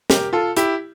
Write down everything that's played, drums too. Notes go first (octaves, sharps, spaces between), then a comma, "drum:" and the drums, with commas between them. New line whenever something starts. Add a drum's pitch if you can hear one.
G4 A#4, drum: snare
F4 A4
E4 G4, drum: hi-hat